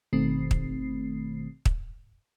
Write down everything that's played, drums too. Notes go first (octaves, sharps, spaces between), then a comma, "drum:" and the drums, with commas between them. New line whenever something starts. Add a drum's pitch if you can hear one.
G1 B2 D#3 A3 C4 C7
drum: kick
drum: kick